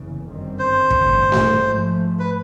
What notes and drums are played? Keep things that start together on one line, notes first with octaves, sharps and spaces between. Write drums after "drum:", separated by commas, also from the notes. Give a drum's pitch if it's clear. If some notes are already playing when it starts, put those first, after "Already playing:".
Already playing: F#1 E2 C#3 E3
G1 F#2 D#3 G3 C4
C5
A1 G2 D3, drum: kick
drum: snare A3
G#2 F3 A3
B4